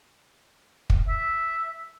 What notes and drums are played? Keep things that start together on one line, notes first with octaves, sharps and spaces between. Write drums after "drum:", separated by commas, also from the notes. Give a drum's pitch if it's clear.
drum: kick
E5